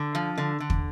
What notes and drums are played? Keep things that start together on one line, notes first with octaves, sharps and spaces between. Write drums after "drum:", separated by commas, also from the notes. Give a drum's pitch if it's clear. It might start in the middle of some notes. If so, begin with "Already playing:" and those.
Already playing: D3
F3
D3
D3
drum: kick